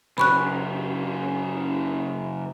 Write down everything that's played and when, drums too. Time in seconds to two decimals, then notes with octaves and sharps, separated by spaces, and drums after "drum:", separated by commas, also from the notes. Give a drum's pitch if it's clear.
0.18 F#2 C#3 B5 C#6 F#6, drum: cymbal